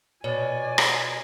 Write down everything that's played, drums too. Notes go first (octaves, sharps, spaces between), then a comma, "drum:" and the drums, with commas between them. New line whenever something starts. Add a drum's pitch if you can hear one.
B2 C#5 D5 G#5
drum: rim click